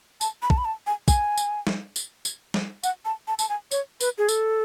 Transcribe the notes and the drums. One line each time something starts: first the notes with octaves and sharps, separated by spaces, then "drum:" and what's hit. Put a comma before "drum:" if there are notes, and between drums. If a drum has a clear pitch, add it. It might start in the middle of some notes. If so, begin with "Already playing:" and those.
A5, drum: tambourine
B5
A5, drum: kick
B5
A5
G#5
G#5, drum: kick, tambourine
drum: tambourine
drum: snare
drum: tambourine
drum: tambourine
drum: snare
F#5, drum: tambourine
A5
A5
A5, drum: tambourine
G#5
C#5, drum: tambourine
B4, drum: tambourine
G#4
A4, drum: tambourine